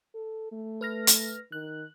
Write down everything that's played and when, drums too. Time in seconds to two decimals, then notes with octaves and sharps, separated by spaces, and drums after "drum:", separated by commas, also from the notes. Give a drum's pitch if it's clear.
0.15 A4
0.52 A3
0.81 B4 F6 A#6
1.07 drum: hi-hat
1.52 D#3 F#6